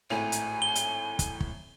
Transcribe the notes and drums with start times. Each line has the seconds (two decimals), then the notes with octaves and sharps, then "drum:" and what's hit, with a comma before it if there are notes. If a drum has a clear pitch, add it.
0.10 G#1 A2 G#5 F7
0.32 drum: hi-hat
0.62 G7
0.75 drum: hi-hat
1.19 drum: kick, hi-hat
1.41 drum: kick